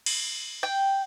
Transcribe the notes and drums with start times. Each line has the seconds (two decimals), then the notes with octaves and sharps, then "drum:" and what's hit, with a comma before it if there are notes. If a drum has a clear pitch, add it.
0.06 drum: cymbal
0.63 G5